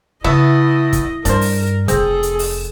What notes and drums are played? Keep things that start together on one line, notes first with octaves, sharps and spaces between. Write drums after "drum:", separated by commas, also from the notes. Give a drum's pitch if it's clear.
C#3 A3 B3 E4 D#5 E5
drum: kick, hi-hat
G2 D4 A#4 C5, drum: hi-hat
drum: open hi-hat
F1 C4 G#4 A4, drum: kick, hi-hat
drum: hi-hat
drum: open hi-hat